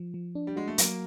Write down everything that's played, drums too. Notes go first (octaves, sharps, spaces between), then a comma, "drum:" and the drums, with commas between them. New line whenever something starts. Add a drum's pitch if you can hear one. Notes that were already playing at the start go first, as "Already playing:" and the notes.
Already playing: F3
F3
D4
G3
G#3 F#4
A3
F#3 A#3, drum: hi-hat